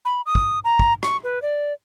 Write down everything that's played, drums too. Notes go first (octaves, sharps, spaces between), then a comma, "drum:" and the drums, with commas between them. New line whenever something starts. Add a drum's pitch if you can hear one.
B5
D#6
drum: kick
A#5
drum: kick
C#6, drum: rim click
B4
D5